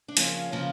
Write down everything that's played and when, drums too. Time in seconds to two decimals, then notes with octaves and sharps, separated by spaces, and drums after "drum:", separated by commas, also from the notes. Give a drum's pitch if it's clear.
0.08 D4
0.17 C#3 F3 A#3 C#4, drum: hi-hat
0.52 C#3 F3 A#3